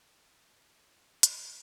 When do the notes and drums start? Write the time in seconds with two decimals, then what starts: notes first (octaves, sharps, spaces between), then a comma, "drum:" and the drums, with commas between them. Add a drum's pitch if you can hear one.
0.09 B4
0.26 C5
0.75 C#5
0.79 C5
0.87 B4
1.05 E4
1.14 D4
1.23 D#4, drum: hi-hat
1.31 F4
1.40 F#4